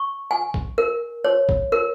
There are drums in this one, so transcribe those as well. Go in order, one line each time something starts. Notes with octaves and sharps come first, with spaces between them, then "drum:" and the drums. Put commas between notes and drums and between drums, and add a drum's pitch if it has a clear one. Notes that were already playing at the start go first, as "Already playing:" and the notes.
Already playing: C#6
G#5
drum: kick
A#4
C#5
drum: kick
A#4